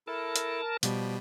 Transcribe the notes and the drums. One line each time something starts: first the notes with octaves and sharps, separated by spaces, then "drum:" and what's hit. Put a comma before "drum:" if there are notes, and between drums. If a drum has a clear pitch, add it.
E4 A4 A#4 A5
drum: hi-hat
B2 F3 G3, drum: hi-hat